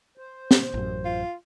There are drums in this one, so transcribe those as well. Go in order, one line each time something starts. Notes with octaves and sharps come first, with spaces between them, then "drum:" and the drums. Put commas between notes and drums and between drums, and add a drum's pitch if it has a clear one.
C5
drum: snare
A1 F#2
F4